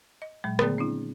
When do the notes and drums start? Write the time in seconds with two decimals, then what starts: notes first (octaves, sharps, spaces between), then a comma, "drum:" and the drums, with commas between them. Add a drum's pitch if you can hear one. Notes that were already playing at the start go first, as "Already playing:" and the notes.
0.22 D#5
0.44 A#2 F#3 G#3
0.59 D3 D#3 A3 B3 G#4 D5, drum: rim click
0.78 C4 D4 E4